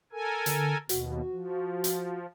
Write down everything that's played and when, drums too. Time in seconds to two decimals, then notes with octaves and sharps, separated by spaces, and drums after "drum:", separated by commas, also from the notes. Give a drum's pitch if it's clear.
0.13 A4 A#4 G#5
0.46 D3, drum: hi-hat
0.89 D#2 B2 F#4, drum: hi-hat
1.31 F3
1.84 drum: hi-hat